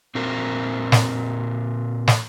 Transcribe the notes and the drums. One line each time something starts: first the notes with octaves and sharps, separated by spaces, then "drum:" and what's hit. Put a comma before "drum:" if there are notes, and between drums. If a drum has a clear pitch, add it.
A#2 C4 F#4 A#4
drum: snare
drum: snare